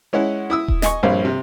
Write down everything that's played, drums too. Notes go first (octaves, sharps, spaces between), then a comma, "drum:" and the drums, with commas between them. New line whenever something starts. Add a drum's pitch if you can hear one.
G#3 C#4 E4 F#5
E4 D#6 E6
drum: kick D#1
D#5 G#5 C#6, drum: snare
A#1 G2 C4 C#5 F5
C3